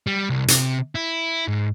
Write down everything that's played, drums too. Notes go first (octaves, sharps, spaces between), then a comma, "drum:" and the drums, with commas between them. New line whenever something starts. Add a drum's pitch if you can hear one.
G3
C2
C3, drum: hi-hat
E4
G#2